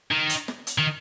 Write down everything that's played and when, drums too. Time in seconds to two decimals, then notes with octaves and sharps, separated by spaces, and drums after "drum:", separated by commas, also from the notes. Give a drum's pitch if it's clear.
0.11 D#3
0.29 drum: hi-hat
0.48 drum: snare
0.67 drum: hi-hat
0.78 D#3